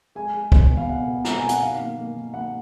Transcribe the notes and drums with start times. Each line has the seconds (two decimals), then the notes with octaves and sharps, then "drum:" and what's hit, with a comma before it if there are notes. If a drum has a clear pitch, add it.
0.15 G#3 G#5
0.34 G#3
0.52 B2, drum: kick
0.70 B3
0.77 F5
0.89 B3 F#5
1.08 B2
1.25 B3 A#5, drum: snare
1.38 G#5
1.43 B2
1.49 F#5, drum: hi-hat
1.62 D#3 F5
1.80 A#3
1.97 A#3
2.16 D#3
2.34 A#3 F#5